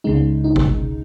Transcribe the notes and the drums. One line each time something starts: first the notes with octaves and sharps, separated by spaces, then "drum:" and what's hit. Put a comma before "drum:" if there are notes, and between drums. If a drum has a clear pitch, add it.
C#2 C#3 G#3 D#4
D#4
drum: kick G#1